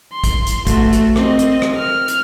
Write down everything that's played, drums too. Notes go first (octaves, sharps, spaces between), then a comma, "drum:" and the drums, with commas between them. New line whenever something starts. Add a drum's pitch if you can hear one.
C6
drum: kick, hi-hat
drum: hi-hat
A3 F#4, drum: kick, hi-hat
drum: hi-hat
C4 D#5, drum: rim click
drum: hi-hat
drum: rim click
F6
drum: hi-hat